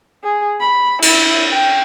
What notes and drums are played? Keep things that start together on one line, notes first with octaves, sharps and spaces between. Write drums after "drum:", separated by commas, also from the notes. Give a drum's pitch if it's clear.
G#4
B5
E4, drum: cymbal
G5